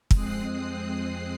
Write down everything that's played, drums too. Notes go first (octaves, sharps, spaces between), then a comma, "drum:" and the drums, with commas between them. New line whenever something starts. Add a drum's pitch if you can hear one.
F2 G#3 C4 D#6 F#6 C7, drum: kick